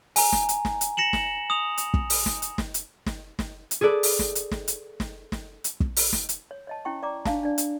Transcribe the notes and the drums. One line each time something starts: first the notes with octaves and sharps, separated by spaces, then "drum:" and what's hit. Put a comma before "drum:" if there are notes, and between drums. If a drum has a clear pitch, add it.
G#5 A#5, drum: open hi-hat
drum: snare
drum: hi-hat
drum: snare
drum: hi-hat
A#6 C#7 E7 F#7
drum: snare
D#6 F7
drum: hi-hat
drum: kick
drum: open hi-hat
drum: snare
drum: hi-hat
drum: snare
drum: hi-hat
drum: snare
drum: snare
drum: hi-hat
G#4 A4 B4 D5
drum: open hi-hat
drum: snare
drum: hi-hat
drum: snare
drum: hi-hat
drum: snare
drum: snare
drum: hi-hat
drum: kick
drum: open hi-hat
drum: snare
drum: hi-hat
C#5
C#5 D#5 A5
C#4 E4 G5 C#6
D5 A#5 D6
D4 F5 A5, drum: snare
D4 D5
drum: hi-hat